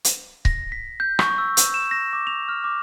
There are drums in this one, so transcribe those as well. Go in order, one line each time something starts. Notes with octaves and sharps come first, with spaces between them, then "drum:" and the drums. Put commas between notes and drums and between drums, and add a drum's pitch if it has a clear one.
drum: hi-hat
A#6, drum: kick C#1
B6
G6
C#6, drum: rim click
E6
drum: hi-hat
E7
A#6
D6
F7
F6
D6